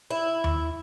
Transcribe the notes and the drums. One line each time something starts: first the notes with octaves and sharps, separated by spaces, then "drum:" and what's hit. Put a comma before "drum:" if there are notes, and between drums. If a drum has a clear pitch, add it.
E4
drum: tom D#2